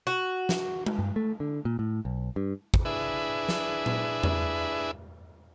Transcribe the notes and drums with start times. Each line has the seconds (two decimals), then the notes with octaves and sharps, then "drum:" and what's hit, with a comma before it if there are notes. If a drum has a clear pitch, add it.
0.07 F#4
0.49 drum: snare
0.86 drum: tom G#3
0.99 G2
1.16 A3
1.40 D3
1.65 A#2
1.79 A2
2.05 B1
2.36 G2
2.74 drum: kick
2.85 D4 E4 G#4 B4 E5
3.49 drum: snare
3.86 drum: tom A#2
4.23 drum: tom E2